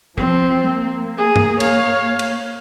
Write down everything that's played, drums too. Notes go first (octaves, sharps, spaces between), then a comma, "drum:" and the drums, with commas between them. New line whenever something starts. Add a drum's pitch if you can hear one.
F3 C4, drum: kick
A#3
G#4
drum: tom G2
C#5 F5, drum: cymbal
drum: cymbal